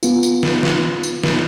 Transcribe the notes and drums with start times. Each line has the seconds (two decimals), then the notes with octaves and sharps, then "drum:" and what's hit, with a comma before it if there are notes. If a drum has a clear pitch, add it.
0.03 B3 F4, drum: tambourine
0.23 drum: tambourine
0.43 drum: snare
0.63 drum: snare
1.03 drum: tambourine
1.24 drum: snare